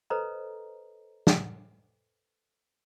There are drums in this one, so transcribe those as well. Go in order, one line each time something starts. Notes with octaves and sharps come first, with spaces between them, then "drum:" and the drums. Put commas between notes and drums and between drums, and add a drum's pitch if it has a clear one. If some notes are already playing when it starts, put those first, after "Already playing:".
A4 B4 C5 D#5 A#5
drum: snare